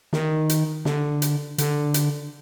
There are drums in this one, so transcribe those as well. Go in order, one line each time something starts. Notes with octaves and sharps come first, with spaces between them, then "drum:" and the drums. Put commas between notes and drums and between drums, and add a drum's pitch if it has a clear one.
D#3, drum: snare
drum: hi-hat
D3, drum: snare
drum: hi-hat
D3, drum: hi-hat
drum: hi-hat